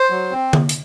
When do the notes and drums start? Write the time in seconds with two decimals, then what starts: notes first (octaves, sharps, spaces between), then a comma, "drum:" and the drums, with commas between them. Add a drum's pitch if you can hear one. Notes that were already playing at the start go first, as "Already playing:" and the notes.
Already playing: C5
0.10 F#3
0.31 C4
0.53 drum: tom D3
0.69 drum: hi-hat